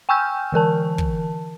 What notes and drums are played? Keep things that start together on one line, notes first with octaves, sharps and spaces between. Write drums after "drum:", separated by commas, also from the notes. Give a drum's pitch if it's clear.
G5 G#5 C#6 E6 F6 G6
D3 E3 A#4 A5
drum: kick